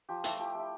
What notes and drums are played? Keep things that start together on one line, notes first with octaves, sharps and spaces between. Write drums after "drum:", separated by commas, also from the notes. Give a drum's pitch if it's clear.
F3 G4
A3 E4 G4, drum: hi-hat
F3 G4
A3 E4 G4